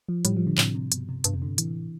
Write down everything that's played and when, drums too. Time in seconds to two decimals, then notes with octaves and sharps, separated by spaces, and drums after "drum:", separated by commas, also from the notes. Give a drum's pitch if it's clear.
0.09 F3
0.25 A2 G3, drum: hi-hat
0.37 F3
0.47 D3
0.58 A2 C3, drum: clap
0.75 C3
0.92 G2 B2, drum: hi-hat
1.09 C3
1.24 G2 B2, drum: hi-hat
1.33 F2 C3
1.42 G2 D3
1.58 A2 E3, drum: hi-hat